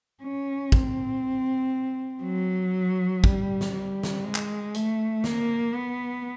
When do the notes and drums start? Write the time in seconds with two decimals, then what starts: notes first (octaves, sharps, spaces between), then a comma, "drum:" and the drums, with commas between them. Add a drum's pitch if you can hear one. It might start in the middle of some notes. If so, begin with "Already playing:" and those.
0.23 C#4
0.72 C4, drum: kick
2.23 F#3
3.24 G3, drum: kick
3.61 drum: snare
3.74 G3
4.03 drum: snare
4.24 G#3
4.35 drum: clap
4.74 A3, drum: hi-hat
5.24 A#3, drum: snare
5.75 B3